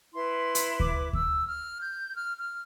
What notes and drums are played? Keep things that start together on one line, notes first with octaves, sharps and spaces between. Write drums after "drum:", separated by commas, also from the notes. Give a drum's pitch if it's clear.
E4 B4 C6
drum: hi-hat
D6, drum: kick D2
E6, drum: kick D2
F6
G6
F6
F6